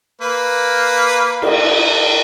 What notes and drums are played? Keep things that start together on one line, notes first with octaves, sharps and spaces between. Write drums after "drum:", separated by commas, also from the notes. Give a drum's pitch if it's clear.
A#3 B4
drum: cymbal